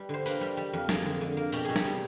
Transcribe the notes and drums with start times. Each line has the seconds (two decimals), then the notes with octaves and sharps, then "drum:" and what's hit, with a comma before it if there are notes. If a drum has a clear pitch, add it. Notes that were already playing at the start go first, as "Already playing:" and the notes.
Already playing: G3 B4
0.09 D3 C5
0.26 A#3 B4, drum: tambourine
0.41 G3
0.57 G3
0.73 F2
0.89 A#3 G#4, drum: snare
1.05 D3
1.21 D3
1.37 A#3
1.52 B2 G4, drum: tambourine
1.65 B2 G#4
1.76 G4, drum: snare
1.85 G3